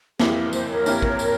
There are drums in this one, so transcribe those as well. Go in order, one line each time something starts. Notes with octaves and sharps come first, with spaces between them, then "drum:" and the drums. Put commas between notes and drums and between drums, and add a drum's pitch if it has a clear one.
F2 E3 A#3 E4 G4 G#4, drum: snare
A#4
C5, drum: tambourine
A#4 C#5
F2 E3 A#3 E4 G4, drum: tambourine
drum: kick
drum: tambourine